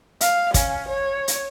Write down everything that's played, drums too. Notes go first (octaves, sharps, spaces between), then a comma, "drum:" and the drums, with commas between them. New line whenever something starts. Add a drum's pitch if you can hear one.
F5, drum: hi-hat
C#4, drum: kick, hi-hat
C#5
drum: hi-hat